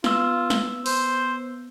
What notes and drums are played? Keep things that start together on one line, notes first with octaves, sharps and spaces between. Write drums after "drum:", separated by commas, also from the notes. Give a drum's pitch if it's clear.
B3 F4 E6, drum: snare
drum: snare
C5, drum: open hi-hat